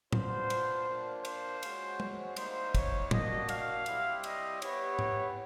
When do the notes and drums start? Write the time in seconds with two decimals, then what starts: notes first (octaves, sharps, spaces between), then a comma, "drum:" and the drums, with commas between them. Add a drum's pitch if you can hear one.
0.13 B3 D4 F4 C5, drum: tom A2
0.50 drum: cymbal
0.87 A#3 D4 F4
1.25 C5, drum: cymbal
1.63 G#3 C#4 F#4, drum: cymbal
2.00 drum: tom
2.36 G3 A#3 D#4 C5, drum: cymbal
2.75 C#5, drum: kick, cymbal
3.11 A#3 D4 F#4 D#5, drum: tom A2
3.49 F5, drum: cymbal
3.86 G3 C4 E4 G4, drum: cymbal
4.24 D#5, drum: cymbal
4.62 B3 E4 G4 C#5, drum: cymbal
4.99 drum: tom